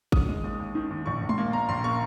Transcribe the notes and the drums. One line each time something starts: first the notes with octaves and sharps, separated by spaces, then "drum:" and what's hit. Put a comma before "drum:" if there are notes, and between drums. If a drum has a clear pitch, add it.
D#3 D#6, drum: kick G#1
G#3
D#2
D#2
D#3
D#2
A#1 C#6
A#1
C6, drum: tom G#3
A#3
A#3 A#5
A#1 C6
A#3 C#6